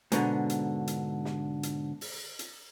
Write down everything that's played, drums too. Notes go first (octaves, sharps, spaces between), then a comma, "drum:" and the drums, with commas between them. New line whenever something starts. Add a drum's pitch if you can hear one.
G#2 B2 D3, drum: hi-hat
drum: hi-hat
drum: hi-hat
drum: snare
drum: hi-hat
drum: open hi-hat
drum: hi-hat